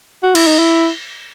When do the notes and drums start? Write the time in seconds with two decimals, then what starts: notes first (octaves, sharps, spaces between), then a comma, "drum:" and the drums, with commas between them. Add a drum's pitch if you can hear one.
0.23 F#4
0.35 E4, drum: cymbal
0.47 D#4
0.59 E4